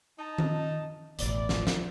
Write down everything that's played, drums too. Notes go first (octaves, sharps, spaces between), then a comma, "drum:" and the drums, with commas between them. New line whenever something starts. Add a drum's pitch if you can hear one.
D#4 A5
drum: tom D#3
E1 A1 E3 D5, drum: hi-hat
drum: snare
drum: snare